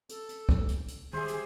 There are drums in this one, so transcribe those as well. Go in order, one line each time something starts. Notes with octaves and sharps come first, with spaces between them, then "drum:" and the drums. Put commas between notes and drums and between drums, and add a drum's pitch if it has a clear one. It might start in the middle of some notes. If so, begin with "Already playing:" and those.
A4, drum: hi-hat
drum: hi-hat
drum: kick
drum: hi-hat
drum: hi-hat
D#3 G3 G4 G#4 C5 E5 G#5
drum: hi-hat